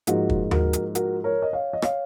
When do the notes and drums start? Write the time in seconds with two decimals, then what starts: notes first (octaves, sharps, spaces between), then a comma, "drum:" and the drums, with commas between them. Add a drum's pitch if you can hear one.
0.07 G#2 F3 A#3 D#4 F#4, drum: hi-hat
0.29 drum: kick
0.51 F#4 A#4, drum: tom D#2
0.73 drum: hi-hat
0.95 F#4 A#4, drum: hi-hat
1.24 A#4 C#5
1.42 D#5
1.53 C#5 F5
1.73 D#5
1.82 C#5 F5, drum: rim click